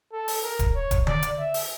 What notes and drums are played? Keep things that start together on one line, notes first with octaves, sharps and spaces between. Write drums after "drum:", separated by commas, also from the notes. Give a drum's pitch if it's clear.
A4
drum: open hi-hat
A#4
drum: kick D1, hi-hat
C#5
drum: kick D1, hi-hat
D5, drum: tom D3
drum: hi-hat
E5
drum: open hi-hat